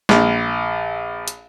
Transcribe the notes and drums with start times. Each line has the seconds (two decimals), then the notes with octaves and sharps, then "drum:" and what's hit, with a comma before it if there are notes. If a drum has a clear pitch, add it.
0.09 A#1, drum: snare
1.28 drum: hi-hat